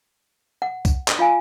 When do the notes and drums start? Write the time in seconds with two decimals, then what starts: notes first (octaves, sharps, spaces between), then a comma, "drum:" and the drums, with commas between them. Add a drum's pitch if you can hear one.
0.62 F#5
0.85 drum: kick C2, tambourine
1.08 drum: clap
1.19 F4 F5 G#5